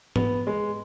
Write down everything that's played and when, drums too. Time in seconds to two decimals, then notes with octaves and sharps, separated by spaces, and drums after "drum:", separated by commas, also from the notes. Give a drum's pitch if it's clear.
0.16 B3, drum: tom G#2
0.47 G#3